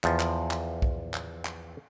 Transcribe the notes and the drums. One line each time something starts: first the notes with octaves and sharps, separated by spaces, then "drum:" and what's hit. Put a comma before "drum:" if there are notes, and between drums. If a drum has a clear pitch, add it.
E2 F3, drum: clap
drum: clap
drum: clap
drum: kick B1
drum: clap
drum: clap